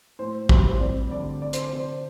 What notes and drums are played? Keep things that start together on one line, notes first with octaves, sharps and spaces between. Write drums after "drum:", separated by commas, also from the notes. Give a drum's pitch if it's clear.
A2 C5
G3 C5, drum: kick
C5
C4 D5
D3 D5
C4 D5
C5, drum: hi-hat
C3 C5